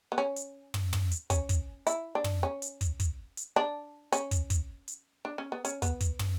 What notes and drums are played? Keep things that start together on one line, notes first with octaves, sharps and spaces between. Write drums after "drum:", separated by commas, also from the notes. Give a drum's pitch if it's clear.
B3
C#4
drum: hi-hat
drum: tom
drum: tom
drum: hi-hat
C#4, drum: kick, hi-hat
drum: kick, hi-hat
E4, drum: hi-hat
D4
drum: tom
C#4
drum: hi-hat
drum: kick, hi-hat
drum: kick, hi-hat
drum: hi-hat
D4
C#4, drum: hi-hat
drum: kick, hi-hat
drum: kick, hi-hat
drum: hi-hat
D4
C#4
B3
C#4, drum: hi-hat
B3, drum: kick, hi-hat
drum: kick, hi-hat
drum: tom